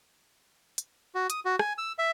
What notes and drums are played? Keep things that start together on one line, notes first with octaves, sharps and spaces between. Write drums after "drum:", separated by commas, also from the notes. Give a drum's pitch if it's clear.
drum: hi-hat
F#4
D#6, drum: hi-hat
F#4
G#5, drum: rim click
E6
E5